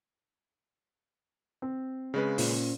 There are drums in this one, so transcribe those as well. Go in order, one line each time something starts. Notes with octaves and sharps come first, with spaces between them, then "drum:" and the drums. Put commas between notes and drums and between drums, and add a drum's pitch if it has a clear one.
C4
C#3 G#3 B4
A#2 C#4 C5, drum: open hi-hat